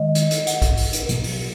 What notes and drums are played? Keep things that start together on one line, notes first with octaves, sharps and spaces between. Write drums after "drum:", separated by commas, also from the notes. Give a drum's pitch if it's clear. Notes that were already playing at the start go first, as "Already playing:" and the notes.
Already playing: D#3 G#3 D#5
drum: hi-hat
drum: hi-hat
F#5, drum: hi-hat
drum: kick, hi-hat
drum: open hi-hat
drum: hi-hat
B2 F#3 B3, drum: hi-hat
drum: open hi-hat